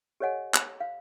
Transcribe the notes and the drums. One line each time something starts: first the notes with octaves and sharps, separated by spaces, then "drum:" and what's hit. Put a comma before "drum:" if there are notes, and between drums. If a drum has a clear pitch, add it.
G4 A4 C#5 D#5 F#5 G#5
drum: clap
F5